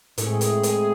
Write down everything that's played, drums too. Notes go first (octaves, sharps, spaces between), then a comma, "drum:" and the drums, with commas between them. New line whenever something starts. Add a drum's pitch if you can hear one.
A2 G#3 A3 C4 E4 G#4, drum: hi-hat
drum: hi-hat
drum: hi-hat